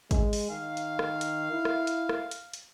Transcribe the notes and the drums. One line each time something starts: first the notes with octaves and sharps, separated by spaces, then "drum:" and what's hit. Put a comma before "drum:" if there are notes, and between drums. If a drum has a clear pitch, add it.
G#3, drum: kick G#1, hi-hat
drum: open hi-hat
D#3 F5
drum: hi-hat
drum: rim click
drum: hi-hat
E4
drum: rim click
drum: hi-hat
drum: rim click
drum: hi-hat
drum: hi-hat